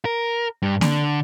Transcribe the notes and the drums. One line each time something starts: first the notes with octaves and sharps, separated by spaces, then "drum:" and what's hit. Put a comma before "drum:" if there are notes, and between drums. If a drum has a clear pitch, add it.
A#4
G2
D3, drum: snare A#3